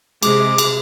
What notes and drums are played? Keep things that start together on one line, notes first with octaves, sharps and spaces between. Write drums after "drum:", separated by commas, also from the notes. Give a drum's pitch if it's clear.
C3 G#3 D6, drum: cymbal
drum: cymbal